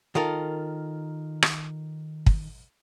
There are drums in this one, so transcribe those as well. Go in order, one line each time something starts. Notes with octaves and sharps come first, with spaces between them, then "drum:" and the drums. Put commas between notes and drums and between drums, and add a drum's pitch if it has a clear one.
D#3 F4 A4 A#4
drum: rim click
drum: kick